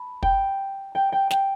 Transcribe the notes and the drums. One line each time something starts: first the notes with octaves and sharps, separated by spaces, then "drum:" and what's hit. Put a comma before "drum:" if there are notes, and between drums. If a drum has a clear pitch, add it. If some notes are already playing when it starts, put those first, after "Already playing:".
Already playing: A5 B5
G5, drum: kick
G5
G5
G5, drum: snare